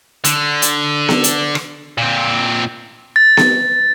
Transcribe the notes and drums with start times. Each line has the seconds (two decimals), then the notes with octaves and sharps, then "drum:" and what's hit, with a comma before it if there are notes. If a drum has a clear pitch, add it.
0.24 D3, drum: hi-hat
0.62 drum: hi-hat
1.09 drum: snare B3
1.24 drum: hi-hat
1.55 drum: rim click
1.98 A#2 C4
3.16 A6
3.37 drum: snare B3